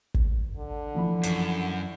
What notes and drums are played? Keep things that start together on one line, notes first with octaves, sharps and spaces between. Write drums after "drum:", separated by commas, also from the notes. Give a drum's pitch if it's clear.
drum: kick
D3
E3 F3 B5
F#2, drum: hi-hat